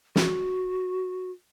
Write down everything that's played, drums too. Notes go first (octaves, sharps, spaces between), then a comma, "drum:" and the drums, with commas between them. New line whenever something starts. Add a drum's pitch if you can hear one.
F#4, drum: snare